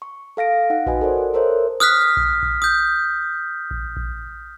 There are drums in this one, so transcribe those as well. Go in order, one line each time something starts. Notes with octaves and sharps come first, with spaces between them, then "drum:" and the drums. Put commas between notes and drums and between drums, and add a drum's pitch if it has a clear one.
C#6
A4 F5 A#6 D7
D#4 F#5
F#4 B4 D#5 F#5 G#5, drum: kick A#1
A4 A#4 C5 D5
A4 A#4 C5 C#5 E5
D#6 F6 F#6 B6
drum: kick A#1
drum: kick A#1
D#6 G6
drum: kick A#1
drum: kick A#1